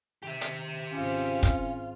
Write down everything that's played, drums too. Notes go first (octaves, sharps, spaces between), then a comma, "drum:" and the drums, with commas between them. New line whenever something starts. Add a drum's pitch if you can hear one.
D#3 G4 E5
drum: hi-hat
G#1 C4 C#4 F4 D6
drum: kick, hi-hat